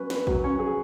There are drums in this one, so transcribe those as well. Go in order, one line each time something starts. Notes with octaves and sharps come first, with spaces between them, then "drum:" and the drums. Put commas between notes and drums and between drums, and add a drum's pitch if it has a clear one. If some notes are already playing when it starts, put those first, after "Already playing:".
Already playing: F#3 C#4 B4
B4, drum: snare
F#3, drum: kick
C#4
G#4